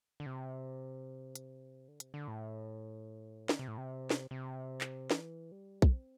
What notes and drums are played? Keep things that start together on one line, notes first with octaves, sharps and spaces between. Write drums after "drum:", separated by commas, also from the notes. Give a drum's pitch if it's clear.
D3
C3
drum: hi-hat
D3
C3, drum: hi-hat
D3
A2
D3, drum: snare
C3
A2
C3
drum: snare
C3
drum: clap
E3, drum: snare
G3
A3, drum: kick B1
C4